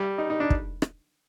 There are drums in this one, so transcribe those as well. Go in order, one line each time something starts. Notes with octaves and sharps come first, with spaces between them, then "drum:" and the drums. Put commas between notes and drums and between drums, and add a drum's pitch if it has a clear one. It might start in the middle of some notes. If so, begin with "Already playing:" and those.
Already playing: G3
D#4
D#4
D4
drum: kick
drum: rim click